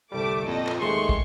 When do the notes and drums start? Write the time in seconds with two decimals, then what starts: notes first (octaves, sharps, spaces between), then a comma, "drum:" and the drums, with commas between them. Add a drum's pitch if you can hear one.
0.12 G1 C2 G3 A3 D6
0.46 F2 A#2 A4 D#5
0.67 drum: clap
0.81 D#2 D#3 G#3 A3 C6 C#6
1.09 drum: kick